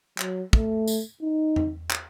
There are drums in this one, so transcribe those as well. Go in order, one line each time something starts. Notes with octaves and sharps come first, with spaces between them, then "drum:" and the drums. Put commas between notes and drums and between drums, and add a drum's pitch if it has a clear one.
F#3, drum: clap
A3, drum: kick
drum: tambourine
D#4
drum: tom E2
drum: clap